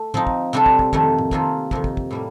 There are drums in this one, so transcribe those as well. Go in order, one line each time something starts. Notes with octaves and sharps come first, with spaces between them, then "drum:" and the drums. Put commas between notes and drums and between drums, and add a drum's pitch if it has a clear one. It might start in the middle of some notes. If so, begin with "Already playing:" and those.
Already playing: A3
F3 C4 D#4, drum: tom A2
drum: kick
C3 G3 D4 F4 A4
drum: kick
drum: kick
F2 D#3 A3, drum: kick
drum: tom A2
C3 D#3 A#3 F4 A4, drum: kick
F2 C3 D#3, drum: kick
drum: kick
drum: kick
A2 G3 A#3